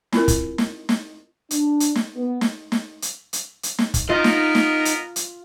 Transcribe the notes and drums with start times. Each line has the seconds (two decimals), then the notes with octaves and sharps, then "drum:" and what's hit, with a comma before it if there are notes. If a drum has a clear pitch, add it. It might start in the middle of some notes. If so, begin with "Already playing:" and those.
0.13 C4 E4 F4 A#4, drum: snare
0.28 drum: kick, hi-hat
0.58 drum: snare
0.89 drum: snare
1.51 D4, drum: hi-hat
1.80 drum: hi-hat
1.96 drum: snare
2.16 B3
2.41 drum: snare
2.72 drum: snare
3.02 drum: hi-hat
3.33 drum: hi-hat
3.63 drum: hi-hat
3.79 drum: snare
3.94 drum: kick, hi-hat
4.09 B3 D#4 F4 A#4 D#5 A#5
4.24 drum: snare
4.55 drum: snare
4.85 drum: hi-hat
5.16 drum: hi-hat